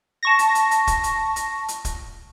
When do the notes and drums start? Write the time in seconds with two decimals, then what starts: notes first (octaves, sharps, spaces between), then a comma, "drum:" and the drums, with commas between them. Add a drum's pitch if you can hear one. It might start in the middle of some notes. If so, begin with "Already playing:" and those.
0.23 A5 C#6 A#6
0.39 drum: hi-hat
0.55 drum: hi-hat
0.71 drum: hi-hat
0.87 drum: kick, hi-hat
1.04 drum: hi-hat
1.36 drum: hi-hat
1.68 drum: hi-hat
1.85 drum: kick, hi-hat